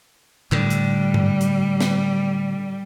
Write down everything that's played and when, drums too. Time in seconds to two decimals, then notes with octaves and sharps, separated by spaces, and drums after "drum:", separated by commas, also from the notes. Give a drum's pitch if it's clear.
0.52 A2 D3 G3, drum: clap
0.70 drum: hi-hat
1.14 drum: tom G2
1.41 drum: hi-hat
1.81 drum: snare